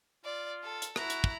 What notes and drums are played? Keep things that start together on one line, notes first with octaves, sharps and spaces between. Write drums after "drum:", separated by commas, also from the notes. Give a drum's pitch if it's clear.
F4 D5
A4
drum: hi-hat
E4 F#4 A#5, drum: rim click
drum: hi-hat
drum: kick